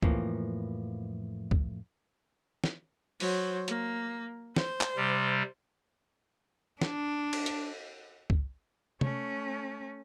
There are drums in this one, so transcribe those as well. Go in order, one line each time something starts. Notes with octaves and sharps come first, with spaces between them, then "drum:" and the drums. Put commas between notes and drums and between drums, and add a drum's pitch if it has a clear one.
F2 A2 E3 F3 A#3, drum: kick
drum: kick
drum: snare
F#3 C5, drum: open hi-hat
A#3, drum: hi-hat
C5, drum: snare
drum: clap
C3 G3
D4, drum: snare
drum: cymbal
drum: hi-hat
drum: kick
A3 C#4, drum: tom C3